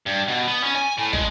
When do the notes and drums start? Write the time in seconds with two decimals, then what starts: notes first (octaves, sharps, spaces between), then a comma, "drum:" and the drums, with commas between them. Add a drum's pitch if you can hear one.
0.06 G2
0.28 B2
0.48 B3
0.63 C#4
0.75 G#5
0.98 A2
1.13 G#3, drum: kick